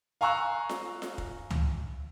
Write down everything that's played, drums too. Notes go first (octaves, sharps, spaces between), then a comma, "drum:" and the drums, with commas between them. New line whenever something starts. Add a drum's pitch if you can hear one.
F5 G#5 A#5 C#6 E6 F#6
drum: snare F4
drum: snare F4
drum: kick
drum: tom C#2